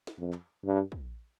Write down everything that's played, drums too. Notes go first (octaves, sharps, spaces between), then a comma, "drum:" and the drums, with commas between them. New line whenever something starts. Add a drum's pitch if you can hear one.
drum: snare
F2
drum: clap
G2
drum: kick